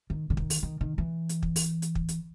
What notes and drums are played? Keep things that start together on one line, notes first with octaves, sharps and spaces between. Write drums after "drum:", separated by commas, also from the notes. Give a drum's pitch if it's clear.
D#3
D3
D#3, drum: kick
drum: open hi-hat
D#3
D#3
E3
drum: hi-hat
drum: kick
drum: open hi-hat
drum: hi-hat
drum: kick
drum: hi-hat